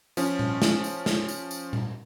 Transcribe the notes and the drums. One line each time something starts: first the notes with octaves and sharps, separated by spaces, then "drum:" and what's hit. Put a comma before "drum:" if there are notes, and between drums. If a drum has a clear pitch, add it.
F3 C#4, drum: tambourine
drum: tom A#2
drum: snare
drum: tambourine
drum: snare
drum: tambourine
drum: tambourine
drum: tom A#2